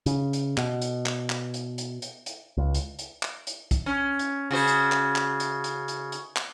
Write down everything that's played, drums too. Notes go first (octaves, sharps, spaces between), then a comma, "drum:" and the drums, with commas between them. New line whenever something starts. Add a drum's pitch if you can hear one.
C#3, drum: hi-hat
drum: hi-hat
B2, drum: clap
drum: hi-hat
drum: clap
drum: clap
drum: hi-hat
drum: hi-hat
drum: hi-hat
drum: hi-hat
C#2
drum: hi-hat
drum: hi-hat
drum: clap
drum: hi-hat
drum: kick, hi-hat
C#4
drum: hi-hat
C#3 F#4 C5
drum: hi-hat
drum: clap
drum: clap
drum: hi-hat
drum: hi-hat
drum: hi-hat
drum: hi-hat
drum: clap